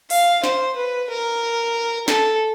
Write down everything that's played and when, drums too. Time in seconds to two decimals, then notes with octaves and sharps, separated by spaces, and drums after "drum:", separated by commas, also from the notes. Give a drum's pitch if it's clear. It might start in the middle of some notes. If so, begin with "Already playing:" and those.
0.10 F5, drum: open hi-hat
0.44 C5, drum: snare
0.76 B4
1.09 A#4
2.08 A4, drum: snare